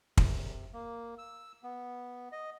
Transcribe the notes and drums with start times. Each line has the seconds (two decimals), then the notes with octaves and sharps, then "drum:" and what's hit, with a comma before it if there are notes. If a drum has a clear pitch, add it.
0.17 C3, drum: kick
0.73 A#3
1.18 E6
1.63 B3
2.32 D#5